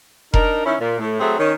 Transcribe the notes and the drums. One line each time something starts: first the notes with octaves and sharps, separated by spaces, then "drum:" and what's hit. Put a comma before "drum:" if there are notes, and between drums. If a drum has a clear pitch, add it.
D4 D#4 A#4, drum: kick F1
D#3 C#4 E4
A#2
A2
F#3 A3 C4 G#4
D#3 C#4